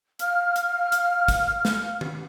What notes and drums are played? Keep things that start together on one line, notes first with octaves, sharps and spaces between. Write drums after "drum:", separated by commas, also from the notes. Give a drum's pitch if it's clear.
F5 F6, drum: hi-hat
drum: hi-hat
drum: hi-hat
drum: kick, hi-hat
drum: snare
drum: tom D#3